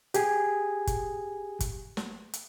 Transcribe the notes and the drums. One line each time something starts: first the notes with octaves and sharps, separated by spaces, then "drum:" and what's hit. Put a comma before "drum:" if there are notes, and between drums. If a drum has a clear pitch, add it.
G4 G#4 G#5, drum: hi-hat
drum: kick G1, hi-hat
drum: kick G1, hi-hat
drum: snare
drum: hi-hat